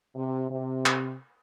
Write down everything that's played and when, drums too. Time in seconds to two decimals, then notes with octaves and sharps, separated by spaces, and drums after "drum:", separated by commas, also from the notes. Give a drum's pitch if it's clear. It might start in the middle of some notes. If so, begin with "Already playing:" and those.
0.15 C3
0.50 C3
0.86 drum: clap